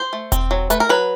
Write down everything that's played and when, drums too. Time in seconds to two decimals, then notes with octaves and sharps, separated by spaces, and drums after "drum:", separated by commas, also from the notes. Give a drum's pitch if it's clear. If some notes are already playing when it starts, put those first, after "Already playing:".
Already playing: C5
0.13 A3
0.32 C4, drum: kick E1, hi-hat
0.51 F#3
0.70 A3 B4, drum: hi-hat
0.80 A#4
0.89 F#3 B4